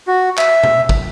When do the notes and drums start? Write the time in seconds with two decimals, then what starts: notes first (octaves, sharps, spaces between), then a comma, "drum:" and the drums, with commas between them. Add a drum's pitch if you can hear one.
0.07 F#4
0.38 E5, drum: clap
0.64 drum: tom B2
0.89 drum: kick